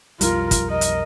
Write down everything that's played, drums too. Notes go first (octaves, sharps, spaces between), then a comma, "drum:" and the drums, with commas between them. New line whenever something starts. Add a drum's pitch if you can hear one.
B1 F2 G3 F4 A#4, drum: hi-hat
drum: kick, hi-hat
A#4 D#5
drum: hi-hat